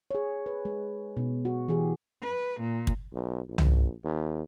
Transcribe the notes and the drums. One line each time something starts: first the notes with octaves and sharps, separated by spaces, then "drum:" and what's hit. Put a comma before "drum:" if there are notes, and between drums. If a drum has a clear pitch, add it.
G#4 C#5
B4
G#3
B2
F#4
E3 G4 G#4
B4
A#2
drum: kick
B1
A#1
drum: tom
D#2